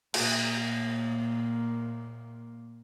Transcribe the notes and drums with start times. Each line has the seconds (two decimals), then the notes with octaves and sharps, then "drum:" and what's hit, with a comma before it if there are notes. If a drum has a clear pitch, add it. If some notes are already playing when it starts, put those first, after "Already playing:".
0.14 A#2 A#3, drum: cymbal